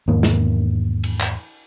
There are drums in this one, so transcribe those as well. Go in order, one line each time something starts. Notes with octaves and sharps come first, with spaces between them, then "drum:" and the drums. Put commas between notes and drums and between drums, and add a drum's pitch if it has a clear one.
E2 G#2 D#3 A#3
drum: snare
drum: cymbal
drum: clap